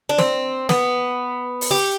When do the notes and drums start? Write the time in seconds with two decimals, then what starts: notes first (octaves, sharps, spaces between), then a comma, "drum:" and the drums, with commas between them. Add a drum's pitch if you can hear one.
0.09 D4
0.18 C4, drum: snare
0.69 B3, drum: snare
1.61 drum: open hi-hat
1.71 G4